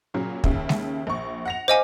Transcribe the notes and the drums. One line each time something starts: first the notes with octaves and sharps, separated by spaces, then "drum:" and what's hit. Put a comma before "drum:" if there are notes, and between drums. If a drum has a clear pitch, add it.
A#2 C#3 F#3
D#2 C#3 E5, drum: kick
drum: snare
A#1 C#6
F#5 A#6 F7
C5 D#5 F5 G#5 D6